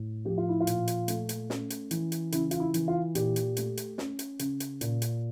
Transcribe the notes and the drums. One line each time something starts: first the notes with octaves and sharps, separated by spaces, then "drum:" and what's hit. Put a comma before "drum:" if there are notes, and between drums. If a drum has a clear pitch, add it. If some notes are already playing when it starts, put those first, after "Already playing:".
Already playing: A2
F3 G4
F4
E4
F4
A#2, drum: hi-hat
drum: hi-hat
A3, drum: hi-hat
drum: hi-hat
C#4, drum: snare
drum: hi-hat
E3, drum: hi-hat
drum: hi-hat
C#3 E4, drum: hi-hat
F4, drum: hi-hat
E4
E3, drum: hi-hat
F4
A#2 G4, drum: hi-hat
drum: hi-hat
A3, drum: hi-hat
drum: hi-hat
C#4, drum: snare
drum: hi-hat
C#3, drum: hi-hat
drum: hi-hat
A#2, drum: hi-hat
drum: hi-hat